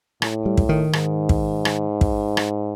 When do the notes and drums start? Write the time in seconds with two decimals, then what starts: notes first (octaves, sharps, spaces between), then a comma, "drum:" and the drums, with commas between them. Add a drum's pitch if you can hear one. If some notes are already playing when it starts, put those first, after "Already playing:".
0.22 A2, drum: rim click
0.46 G3
0.57 drum: kick
0.69 D#3
0.93 G#2, drum: rim click
1.29 drum: kick
1.65 drum: rim click
2.01 drum: kick
2.37 drum: rim click